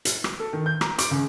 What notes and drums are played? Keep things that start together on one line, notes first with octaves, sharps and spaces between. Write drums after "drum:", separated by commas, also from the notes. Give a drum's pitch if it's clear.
drum: hi-hat
drum: rim click
A4
D#3
G6
A#5, drum: rim click
D6, drum: hi-hat
C#2